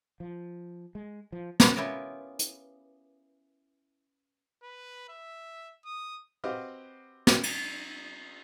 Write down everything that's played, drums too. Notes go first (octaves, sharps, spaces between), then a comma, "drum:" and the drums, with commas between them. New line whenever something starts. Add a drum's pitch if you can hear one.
F3
G#3
F3
drum: snare
B3 C#4 E4 F4 G4 A#4
drum: hi-hat
B4
E5
D#6
C4 F#4 G4 B4 D#5 F5
drum: snare
drum: cymbal